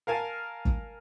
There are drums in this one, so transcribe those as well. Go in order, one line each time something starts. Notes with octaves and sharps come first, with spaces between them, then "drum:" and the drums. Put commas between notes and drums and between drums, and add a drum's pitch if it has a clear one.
A#4 F5 G#5 A5
drum: kick